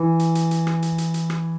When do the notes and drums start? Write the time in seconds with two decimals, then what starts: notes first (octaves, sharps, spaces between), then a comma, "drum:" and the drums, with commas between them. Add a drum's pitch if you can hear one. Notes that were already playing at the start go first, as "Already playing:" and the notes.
Already playing: E3
0.19 drum: hi-hat
0.35 drum: hi-hat
0.51 drum: hi-hat
0.67 drum: rim click
0.82 drum: hi-hat
0.98 drum: hi-hat
1.14 drum: hi-hat
1.30 drum: rim click